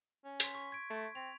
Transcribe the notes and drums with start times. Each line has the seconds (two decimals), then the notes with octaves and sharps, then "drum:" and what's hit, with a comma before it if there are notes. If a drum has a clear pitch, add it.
0.25 C#4
0.40 C6 B6, drum: hi-hat
0.55 C#6
0.72 G#6 D7
0.90 A3
1.15 C4 F7